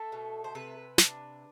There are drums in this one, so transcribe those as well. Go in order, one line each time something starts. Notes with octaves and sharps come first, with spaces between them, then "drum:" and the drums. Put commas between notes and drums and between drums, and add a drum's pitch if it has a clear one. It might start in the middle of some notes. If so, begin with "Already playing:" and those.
Already playing: A3 A4
B2
C5
C3 B4
D4, drum: snare